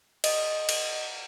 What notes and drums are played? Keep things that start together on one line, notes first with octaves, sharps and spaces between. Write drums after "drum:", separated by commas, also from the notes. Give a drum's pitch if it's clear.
D#5, drum: cymbal
drum: cymbal